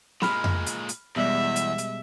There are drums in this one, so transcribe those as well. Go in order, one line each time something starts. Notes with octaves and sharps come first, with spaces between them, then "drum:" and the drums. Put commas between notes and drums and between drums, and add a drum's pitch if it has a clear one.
A#2 G#3 B5 F6, drum: snare
drum: tom F2
drum: hi-hat
drum: hi-hat
E2 B2 G3 G#3 E5
drum: hi-hat
drum: hi-hat